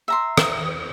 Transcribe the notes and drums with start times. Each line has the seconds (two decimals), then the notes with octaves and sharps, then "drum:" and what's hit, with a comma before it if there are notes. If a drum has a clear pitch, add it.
0.08 E5 A#5 C6
0.37 drum: rim click